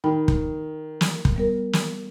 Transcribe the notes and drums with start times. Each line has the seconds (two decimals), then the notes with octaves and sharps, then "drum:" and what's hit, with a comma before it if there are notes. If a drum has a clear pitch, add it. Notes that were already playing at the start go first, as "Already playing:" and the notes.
0.04 D#3 G5 B5
0.28 drum: kick
1.01 drum: snare
1.25 drum: kick
1.36 G3 B3 A#4
1.73 drum: snare